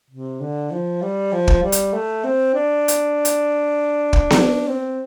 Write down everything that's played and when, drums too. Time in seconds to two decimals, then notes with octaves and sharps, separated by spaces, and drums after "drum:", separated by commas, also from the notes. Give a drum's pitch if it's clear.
0.10 C3
0.41 D3
0.71 F3
1.02 G3
1.32 F3
1.48 drum: kick
1.63 G3
1.72 drum: hi-hat
1.94 A3
2.24 C4
2.54 D4
2.88 drum: hi-hat
3.25 drum: hi-hat
4.13 drum: kick
4.30 drum: snare B3
4.68 C4